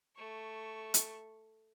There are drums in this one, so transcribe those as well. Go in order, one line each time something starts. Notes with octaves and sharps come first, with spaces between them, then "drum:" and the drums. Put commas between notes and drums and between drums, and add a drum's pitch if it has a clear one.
A3 C#6
drum: hi-hat